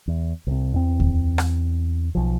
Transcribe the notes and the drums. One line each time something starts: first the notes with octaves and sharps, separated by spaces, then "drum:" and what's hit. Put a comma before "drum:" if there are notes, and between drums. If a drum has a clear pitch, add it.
E2
C2 C3
E2 C4
drum: kick D2
drum: rim click
B1 F3